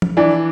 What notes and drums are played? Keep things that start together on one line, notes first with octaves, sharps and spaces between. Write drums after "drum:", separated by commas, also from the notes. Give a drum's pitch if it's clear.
drum: tom F3
E3 D4